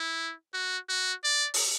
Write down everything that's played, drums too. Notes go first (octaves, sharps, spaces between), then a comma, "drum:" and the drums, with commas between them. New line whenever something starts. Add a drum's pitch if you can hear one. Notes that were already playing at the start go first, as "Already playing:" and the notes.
Already playing: E4
F#4
F#4
D5
drum: open hi-hat